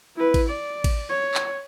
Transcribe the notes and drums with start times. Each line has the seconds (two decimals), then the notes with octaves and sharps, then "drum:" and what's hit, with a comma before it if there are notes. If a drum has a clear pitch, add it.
0.16 E4 B4
0.34 drum: kick A1, cymbal
0.49 D5
0.84 drum: kick A1, cymbal
1.09 C#5
1.34 drum: clap